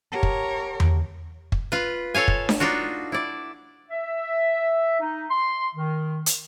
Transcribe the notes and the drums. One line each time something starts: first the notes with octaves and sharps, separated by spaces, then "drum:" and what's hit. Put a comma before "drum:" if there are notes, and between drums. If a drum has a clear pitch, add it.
G4 A#4 C#5 F#5 A5
drum: kick
drum: tom E2
drum: kick
F4 B4
A4 C#5 F5 G#5
drum: kick
drum: snare D4
D4 D#4 F4 F#4
E4 D5
E5
D#4
C6
D#3
drum: hi-hat